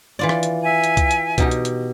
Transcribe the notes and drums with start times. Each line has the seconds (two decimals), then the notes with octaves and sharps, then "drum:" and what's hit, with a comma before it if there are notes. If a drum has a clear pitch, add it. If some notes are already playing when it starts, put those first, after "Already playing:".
0.19 E3 F4 D5
0.29 drum: rim click
0.43 drum: hi-hat
0.63 E5 G#5
0.84 drum: hi-hat
0.97 drum: kick C2, hi-hat
1.11 drum: hi-hat
1.38 B2 D#4 G4, drum: kick C2, hi-hat
1.51 drum: hi-hat
1.65 drum: hi-hat